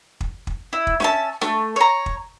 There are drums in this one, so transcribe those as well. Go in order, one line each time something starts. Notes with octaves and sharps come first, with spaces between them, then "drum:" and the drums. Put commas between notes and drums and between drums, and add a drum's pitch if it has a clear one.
drum: kick
drum: kick
E4
drum: kick
C#4 E5 A5, drum: snare
A3, drum: snare
C#5 A#5
drum: kick